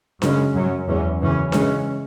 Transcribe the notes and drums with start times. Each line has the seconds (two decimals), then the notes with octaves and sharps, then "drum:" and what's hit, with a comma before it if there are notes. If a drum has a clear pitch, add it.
0.22 F#2 C#3 G#3 C#4, drum: snare D4
0.55 F#2 F#3 C#4
0.87 E2 E3 G#3 C#4
1.20 F#2 C#3 E3 C#4
1.52 C#3 E3 G#3 C#4, drum: snare D4